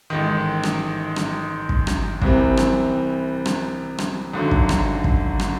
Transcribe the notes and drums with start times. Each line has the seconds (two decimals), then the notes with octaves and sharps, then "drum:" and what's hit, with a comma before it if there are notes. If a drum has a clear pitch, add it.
0.10 A1 G#2 D#3
0.63 drum: rim click
1.16 drum: rim click
1.69 drum: kick
1.87 drum: rim click
2.22 C2 C3 E3 G3 C4, drum: kick
2.57 drum: rim click
3.46 drum: rim click
3.98 drum: rim click
4.33 G#1 F#2 D3 F#3
4.51 drum: kick
4.69 drum: rim click
5.04 drum: kick
5.40 drum: rim click